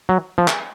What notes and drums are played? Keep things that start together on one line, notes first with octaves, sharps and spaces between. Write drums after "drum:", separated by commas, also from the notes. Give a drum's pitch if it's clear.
F#3
F3
drum: clap